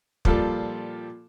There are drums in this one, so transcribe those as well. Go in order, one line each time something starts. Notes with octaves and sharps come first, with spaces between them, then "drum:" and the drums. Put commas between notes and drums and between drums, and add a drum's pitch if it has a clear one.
A#2 F3 G3 F4 A4, drum: kick